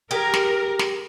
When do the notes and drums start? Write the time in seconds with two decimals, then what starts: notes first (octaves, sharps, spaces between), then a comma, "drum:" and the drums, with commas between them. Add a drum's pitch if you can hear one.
0.11 G4 G#4 A#4
0.34 drum: snare
0.79 drum: snare